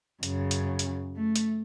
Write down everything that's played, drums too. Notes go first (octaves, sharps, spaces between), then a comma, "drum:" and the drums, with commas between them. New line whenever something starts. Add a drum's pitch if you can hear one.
F#2 C#3, drum: hi-hat
drum: hi-hat
drum: hi-hat
A3
drum: hi-hat